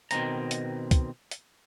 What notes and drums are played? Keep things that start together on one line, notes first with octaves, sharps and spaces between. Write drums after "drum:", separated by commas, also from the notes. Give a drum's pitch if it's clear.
B2 D#3 C4 A#5, drum: hi-hat
drum: hi-hat
drum: kick, hi-hat
drum: hi-hat